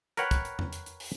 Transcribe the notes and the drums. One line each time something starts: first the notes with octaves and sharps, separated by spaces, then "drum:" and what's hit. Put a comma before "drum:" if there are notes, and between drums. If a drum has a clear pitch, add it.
A#4 B4 C#5 F#5 G5, drum: hi-hat
drum: kick, hi-hat
drum: hi-hat
drum: tom E2
drum: hi-hat
drum: hi-hat
drum: open hi-hat